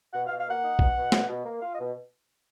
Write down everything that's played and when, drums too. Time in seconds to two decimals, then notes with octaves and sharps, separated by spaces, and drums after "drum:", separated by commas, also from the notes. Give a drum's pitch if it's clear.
0.13 B2 F#5
0.26 F5
0.30 B2
0.39 F5
0.47 A#3 F#5
0.63 D#4
0.79 B2, drum: kick B1
0.95 B2
1.12 B2, drum: snare
1.28 B2
1.45 A#3
1.62 F4 F5
1.74 D#5
1.78 B2